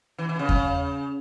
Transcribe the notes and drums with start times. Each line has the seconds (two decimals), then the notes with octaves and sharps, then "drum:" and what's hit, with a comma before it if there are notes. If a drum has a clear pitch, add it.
0.18 E3
0.29 E3
0.39 C#3
0.49 drum: kick E2